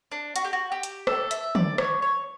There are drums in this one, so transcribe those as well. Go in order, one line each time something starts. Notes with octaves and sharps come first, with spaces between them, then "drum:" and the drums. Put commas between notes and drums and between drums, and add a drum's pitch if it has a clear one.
D4
F#4, drum: hi-hat
G4
F#4
G4
drum: hi-hat
A4, drum: rim click
E5, drum: hi-hat
D5, drum: tom
C#5, drum: rim click
C#5